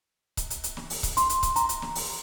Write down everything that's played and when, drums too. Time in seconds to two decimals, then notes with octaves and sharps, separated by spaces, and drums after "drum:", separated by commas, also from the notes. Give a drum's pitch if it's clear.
0.37 drum: kick C#1, hi-hat
0.50 drum: hi-hat
0.64 drum: hi-hat
0.77 drum: snare
0.90 drum: open hi-hat
1.03 drum: kick C#1, hi-hat
1.17 C6, drum: hi-hat
1.29 drum: hi-hat
1.43 drum: kick C#1, hi-hat
1.56 A#5, drum: hi-hat
1.69 drum: hi-hat
1.82 drum: snare
1.95 drum: open hi-hat